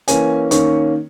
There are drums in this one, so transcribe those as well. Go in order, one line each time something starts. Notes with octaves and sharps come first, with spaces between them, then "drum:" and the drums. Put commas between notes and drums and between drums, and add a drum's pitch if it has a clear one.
E3 A#3 C#4 G#5, drum: hi-hat
D#3 A#3 C#4 C#6, drum: hi-hat